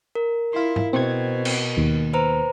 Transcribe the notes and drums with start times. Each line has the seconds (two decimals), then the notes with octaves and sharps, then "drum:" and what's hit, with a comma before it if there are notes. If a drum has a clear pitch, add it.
0.15 A#4
0.53 E4 F4 C6
0.76 drum: tom G#2
0.93 B2 C4 G#6
1.45 drum: cymbal
1.77 D#2
2.13 B4 C5 A#5